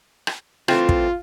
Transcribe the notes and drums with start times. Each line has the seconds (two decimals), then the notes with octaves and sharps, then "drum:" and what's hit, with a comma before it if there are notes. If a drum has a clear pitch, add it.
0.27 drum: rim click
0.68 E3 A3 C4 F4, drum: rim click
0.89 drum: kick